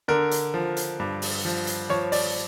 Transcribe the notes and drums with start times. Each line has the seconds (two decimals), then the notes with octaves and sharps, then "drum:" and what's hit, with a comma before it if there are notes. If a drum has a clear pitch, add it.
0.08 D3 A#4
0.31 drum: hi-hat
0.54 F3
0.77 drum: hi-hat
1.00 G2
1.22 drum: open hi-hat
1.45 F3
1.67 drum: hi-hat
1.89 F3 C#5
2.12 D5, drum: open hi-hat